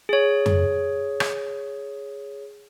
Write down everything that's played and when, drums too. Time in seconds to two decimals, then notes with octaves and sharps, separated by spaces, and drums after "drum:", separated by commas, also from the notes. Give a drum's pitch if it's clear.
0.09 G#4 C#5
0.46 drum: tom F2
1.20 drum: rim click